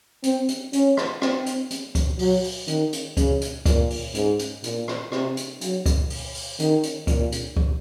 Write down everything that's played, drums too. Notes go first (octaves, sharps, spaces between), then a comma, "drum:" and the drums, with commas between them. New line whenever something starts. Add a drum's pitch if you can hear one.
C4, drum: hi-hat
drum: hi-hat
C#4, drum: hi-hat
drum: rim click
C4, drum: rim click
drum: hi-hat
drum: hi-hat
drum: kick C#2, hi-hat
F#3, drum: open hi-hat
drum: open hi-hat
D#3, drum: hi-hat
drum: hi-hat
C#3, drum: kick C#2, hi-hat
drum: hi-hat
A#2, drum: kick C#2, hi-hat
drum: open hi-hat
G#2, drum: hi-hat
drum: hi-hat
A#2, drum: hi-hat
drum: rim click
C3, drum: rim click
drum: hi-hat
F#3, drum: hi-hat
drum: kick C#2, hi-hat
drum: open hi-hat
drum: open hi-hat
D#3, drum: hi-hat
drum: hi-hat
A#2, drum: kick C#2, hi-hat
drum: hi-hat
drum: kick C#2